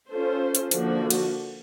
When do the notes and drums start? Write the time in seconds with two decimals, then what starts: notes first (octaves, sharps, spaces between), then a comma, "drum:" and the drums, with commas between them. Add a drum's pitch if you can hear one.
0.10 C#4 F4 A4 C5
0.55 drum: hi-hat
0.71 D3 F3 A#3 D4 F#4, drum: hi-hat
1.10 drum: cymbal